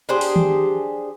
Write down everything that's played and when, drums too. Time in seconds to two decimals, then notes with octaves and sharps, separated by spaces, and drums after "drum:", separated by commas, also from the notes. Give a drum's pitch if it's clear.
0.09 D4 G4 G#4 C5
0.21 drum: open hi-hat
0.36 drum: tom D#3